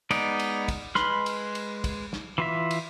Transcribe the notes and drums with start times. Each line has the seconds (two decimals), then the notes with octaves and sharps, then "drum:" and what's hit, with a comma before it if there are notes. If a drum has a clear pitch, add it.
0.11 G#3 B3 D#4 D5, drum: cymbal
0.39 drum: cymbal
0.68 drum: kick, cymbal
0.95 G#3 B4 B5 C6 F6, drum: snare
1.26 drum: cymbal
1.55 drum: cymbal
1.84 drum: kick, cymbal
2.13 drum: snare
2.38 E3 F4 E5
2.71 drum: cymbal